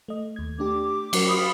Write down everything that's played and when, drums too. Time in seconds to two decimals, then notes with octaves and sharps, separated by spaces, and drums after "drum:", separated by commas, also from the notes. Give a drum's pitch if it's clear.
0.08 A3 D#5
0.36 D#2 G#6
0.59 A3 D4 G4 D6
1.13 F#3 F#4 A#4, drum: cymbal
1.27 F4 B5 D#6